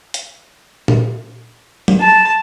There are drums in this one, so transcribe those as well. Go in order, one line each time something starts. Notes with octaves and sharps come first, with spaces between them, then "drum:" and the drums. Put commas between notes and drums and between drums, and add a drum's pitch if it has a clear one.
drum: hi-hat
drum: tom A#2
drum: tom F#3
A5